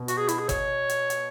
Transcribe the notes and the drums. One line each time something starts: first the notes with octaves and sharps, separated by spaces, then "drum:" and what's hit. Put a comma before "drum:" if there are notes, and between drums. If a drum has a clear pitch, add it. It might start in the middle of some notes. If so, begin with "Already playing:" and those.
Already playing: B2
F#4, drum: hi-hat
G#4
E4, drum: hi-hat
G#4
C#5, drum: kick, hi-hat
drum: hi-hat
drum: hi-hat